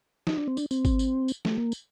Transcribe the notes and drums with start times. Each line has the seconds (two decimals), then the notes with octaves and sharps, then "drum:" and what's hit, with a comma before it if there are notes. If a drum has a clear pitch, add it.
0.27 D#4, drum: snare
0.37 D4
0.48 C4
0.57 D4, drum: tambourine
0.71 C4, drum: tambourine
0.85 drum: kick G#1, tambourine
0.99 drum: tambourine
1.28 drum: tambourine
1.45 A3, drum: snare
1.58 A#3
1.72 drum: tambourine